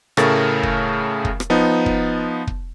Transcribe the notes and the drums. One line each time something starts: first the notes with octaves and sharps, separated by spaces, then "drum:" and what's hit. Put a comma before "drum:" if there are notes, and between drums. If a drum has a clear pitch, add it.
A2 C#3 A3 A#4 A6, drum: rim click
drum: kick
drum: kick
drum: rim click
F3 B3 D#4
drum: kick
drum: kick